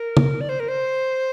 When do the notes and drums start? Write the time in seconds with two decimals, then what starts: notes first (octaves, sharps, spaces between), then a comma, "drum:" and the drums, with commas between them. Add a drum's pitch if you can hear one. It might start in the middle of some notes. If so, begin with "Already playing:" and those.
Already playing: A#4
0.17 drum: tom
0.41 D5
0.49 C5
0.60 A#4
0.68 C5